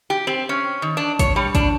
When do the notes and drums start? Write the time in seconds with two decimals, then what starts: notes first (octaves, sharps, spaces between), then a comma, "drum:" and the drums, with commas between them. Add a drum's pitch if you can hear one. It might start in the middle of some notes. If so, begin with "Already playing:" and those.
0.10 G4
0.27 C4
0.49 C#4
0.82 D#3
0.97 D4
1.19 C#5, drum: kick, hi-hat
1.36 G3
1.55 D4, drum: kick, hi-hat